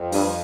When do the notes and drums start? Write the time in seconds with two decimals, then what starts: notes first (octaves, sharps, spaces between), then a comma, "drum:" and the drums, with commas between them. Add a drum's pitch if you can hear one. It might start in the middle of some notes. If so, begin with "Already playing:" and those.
Already playing: F2
0.12 G2, drum: open hi-hat